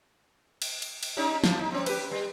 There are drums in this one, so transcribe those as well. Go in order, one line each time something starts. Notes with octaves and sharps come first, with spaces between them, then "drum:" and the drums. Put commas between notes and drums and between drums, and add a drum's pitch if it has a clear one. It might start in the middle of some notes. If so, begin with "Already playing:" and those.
drum: cymbal
drum: cymbal
drum: cymbal
G3 C#4 D#4
E3, drum: snare
D#4
C4 C#4
G4 B4, drum: cymbal
G3